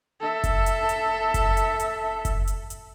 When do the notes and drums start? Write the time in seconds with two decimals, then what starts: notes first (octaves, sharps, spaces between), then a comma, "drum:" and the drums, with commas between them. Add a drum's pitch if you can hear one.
0.21 A4 E5
0.44 drum: kick F#1, hi-hat
0.66 drum: hi-hat
0.89 drum: hi-hat
1.34 drum: kick F#1, hi-hat
1.57 drum: hi-hat
1.80 drum: hi-hat
2.25 drum: kick F#1, hi-hat
2.47 drum: hi-hat
2.70 drum: hi-hat